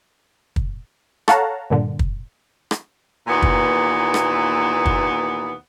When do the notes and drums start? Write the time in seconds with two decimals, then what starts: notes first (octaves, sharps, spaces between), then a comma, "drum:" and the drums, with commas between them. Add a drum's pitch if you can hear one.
0.56 drum: kick
1.28 A4 C#5 F5 F#5 A5 A#5, drum: rim click
1.70 G2 A#2 D3
1.99 drum: kick
2.71 drum: rim click
3.27 D#2 A#2 E3 B3
3.42 drum: kick
4.14 drum: rim click
4.86 drum: kick